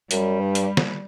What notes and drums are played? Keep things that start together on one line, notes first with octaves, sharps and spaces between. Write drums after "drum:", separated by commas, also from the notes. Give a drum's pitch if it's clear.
F#2 G3, drum: hi-hat
G2
drum: hi-hat
drum: snare